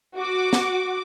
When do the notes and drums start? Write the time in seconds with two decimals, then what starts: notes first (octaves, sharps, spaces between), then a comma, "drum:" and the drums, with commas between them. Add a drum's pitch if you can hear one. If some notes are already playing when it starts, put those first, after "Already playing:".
0.17 F#4 D6
0.53 drum: snare